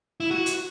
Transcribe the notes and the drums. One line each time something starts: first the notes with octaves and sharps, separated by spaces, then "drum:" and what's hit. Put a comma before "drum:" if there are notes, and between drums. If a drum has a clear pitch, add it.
E4
F#4
drum: hi-hat